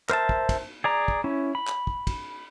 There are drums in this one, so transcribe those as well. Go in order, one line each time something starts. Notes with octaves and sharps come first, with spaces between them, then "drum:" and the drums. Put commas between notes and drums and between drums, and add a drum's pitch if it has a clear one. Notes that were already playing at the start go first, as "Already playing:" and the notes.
A#4 C5 E5 A5, drum: clap
drum: kick
drum: kick, cymbal
G#4 D5 A#5
drum: kick
C#4 E4
B5
drum: clap
drum: kick
drum: kick, cymbal